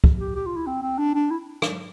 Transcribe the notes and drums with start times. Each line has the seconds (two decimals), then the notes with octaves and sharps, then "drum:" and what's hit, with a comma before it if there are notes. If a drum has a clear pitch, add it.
0.04 drum: kick
0.20 G4
0.35 G4
0.46 F4
0.56 E4
0.66 C4
0.82 C4
0.98 D4
1.14 D4
1.30 E4
1.62 drum: rim click